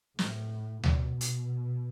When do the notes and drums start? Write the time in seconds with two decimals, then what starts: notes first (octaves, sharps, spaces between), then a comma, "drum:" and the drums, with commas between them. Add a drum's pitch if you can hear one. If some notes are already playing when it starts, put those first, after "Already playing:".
0.19 A2, drum: snare
0.83 B2, drum: tom D2
1.21 drum: hi-hat